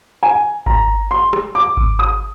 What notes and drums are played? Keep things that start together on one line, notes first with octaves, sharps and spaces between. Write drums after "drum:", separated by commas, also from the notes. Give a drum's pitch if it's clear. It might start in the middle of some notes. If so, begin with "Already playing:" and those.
G#5
A#5, drum: kick G#1
C6
drum: rim click
D6
drum: kick G#1
D#6